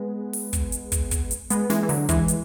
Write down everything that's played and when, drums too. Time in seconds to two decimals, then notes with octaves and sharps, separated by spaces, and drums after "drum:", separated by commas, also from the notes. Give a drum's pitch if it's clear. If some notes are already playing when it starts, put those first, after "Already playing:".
Already playing: G#3 B3
0.33 drum: open hi-hat
0.53 drum: kick, hi-hat
0.72 drum: hi-hat
0.92 drum: kick, hi-hat
1.11 drum: kick, hi-hat
1.31 drum: hi-hat
1.50 G#3 B3, drum: hi-hat
1.70 E3 G#3, drum: snare
1.83 E3
1.89 D3 F#3, drum: open hi-hat
2.09 E3 G#3, drum: kick, hi-hat
2.28 drum: hi-hat